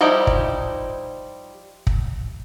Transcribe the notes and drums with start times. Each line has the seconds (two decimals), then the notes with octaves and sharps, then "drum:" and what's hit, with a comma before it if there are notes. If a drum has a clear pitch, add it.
0.01 F3 G3 D#4 E4 G4
0.27 drum: kick
1.87 drum: kick